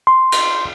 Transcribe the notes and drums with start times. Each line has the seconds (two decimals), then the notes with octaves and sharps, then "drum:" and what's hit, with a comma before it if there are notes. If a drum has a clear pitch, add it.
0.07 C6
0.32 drum: cymbal